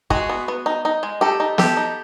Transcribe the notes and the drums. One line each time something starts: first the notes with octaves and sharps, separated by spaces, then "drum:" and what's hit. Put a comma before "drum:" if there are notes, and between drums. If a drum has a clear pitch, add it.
G#3 F#4 G#4, drum: kick
B3
B3
D#4
D#4
G#3
D#4 G4 A4
D#4
B3 G4 A4, drum: snare
D#4